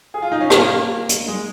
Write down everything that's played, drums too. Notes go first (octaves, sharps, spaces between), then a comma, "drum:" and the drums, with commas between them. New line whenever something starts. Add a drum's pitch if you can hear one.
G#4
F4
D#4
C#4
A#3, drum: rim click
drum: hi-hat
G#3